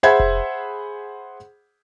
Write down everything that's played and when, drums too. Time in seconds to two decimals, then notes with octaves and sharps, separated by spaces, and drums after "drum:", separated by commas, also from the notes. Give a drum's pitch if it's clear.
0.03 G#4 C5 E5 F#5 B5 G#6
0.20 drum: kick F1